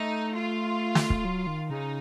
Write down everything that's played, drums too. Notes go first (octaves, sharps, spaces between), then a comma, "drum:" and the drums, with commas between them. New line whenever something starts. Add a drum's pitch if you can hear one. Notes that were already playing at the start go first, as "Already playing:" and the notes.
Already playing: A3 D#4
F4
drum: snare
drum: kick
F#3
D#3
C#3 D#4